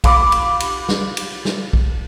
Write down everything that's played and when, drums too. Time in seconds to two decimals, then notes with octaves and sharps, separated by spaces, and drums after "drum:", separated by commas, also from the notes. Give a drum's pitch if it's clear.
0.04 F5 B5 D6, drum: kick, cymbal
0.32 drum: cymbal
0.60 drum: cymbal
0.89 drum: snare
1.17 drum: cymbal
1.45 drum: snare
1.73 drum: kick